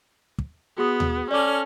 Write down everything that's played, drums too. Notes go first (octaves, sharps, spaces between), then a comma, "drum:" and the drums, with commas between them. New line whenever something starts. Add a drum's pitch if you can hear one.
drum: kick
B3 F#4 G#4 D#6
drum: tom D#2
C#4 A4 D5 D6 F6